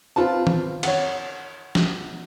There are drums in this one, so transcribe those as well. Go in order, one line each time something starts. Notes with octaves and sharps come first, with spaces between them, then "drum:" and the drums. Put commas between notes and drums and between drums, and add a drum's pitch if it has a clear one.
C4 F4 B4 A5
drum: tom D#3
C#5 F#5, drum: cymbal
drum: snare